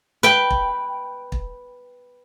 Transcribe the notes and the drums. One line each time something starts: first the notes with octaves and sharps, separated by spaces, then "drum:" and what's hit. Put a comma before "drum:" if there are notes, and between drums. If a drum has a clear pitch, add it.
B4 G5
drum: kick
drum: kick